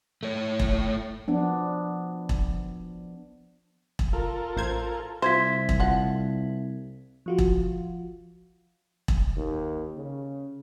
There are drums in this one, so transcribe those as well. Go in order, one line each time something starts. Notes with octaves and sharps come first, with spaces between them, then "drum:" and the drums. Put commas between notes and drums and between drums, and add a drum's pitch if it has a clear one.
A3 C#5
drum: kick E1
F3 B3 D4
drum: kick E1
drum: kick E1
F4 A4 A#4
A1 C5 G#6
C2 F4 C5 E5 G#6 B6
drum: kick E1
F3 F#5
F3 F4 F#4
drum: kick E1
drum: kick E1
D#2
C#3